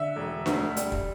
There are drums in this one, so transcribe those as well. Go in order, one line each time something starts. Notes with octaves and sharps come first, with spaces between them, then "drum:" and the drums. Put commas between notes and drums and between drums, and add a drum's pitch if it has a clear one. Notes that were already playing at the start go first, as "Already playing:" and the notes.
Already playing: D3 E5
E1
D2, drum: snare D4
G3, drum: hi-hat
drum: kick